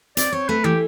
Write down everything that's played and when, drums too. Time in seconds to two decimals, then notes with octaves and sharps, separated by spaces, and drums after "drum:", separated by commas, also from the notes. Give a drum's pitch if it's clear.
0.17 C4 D5, drum: hi-hat
0.32 C4 C#5
0.49 A3 B4
0.64 E3 G4